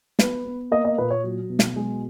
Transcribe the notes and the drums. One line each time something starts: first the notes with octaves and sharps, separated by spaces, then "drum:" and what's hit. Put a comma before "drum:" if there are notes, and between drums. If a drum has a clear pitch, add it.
B3 B4, drum: snare
B3
A#3 D#5
D#5
A#2 B4
C#5
F#3
B2
drum: snare
G#3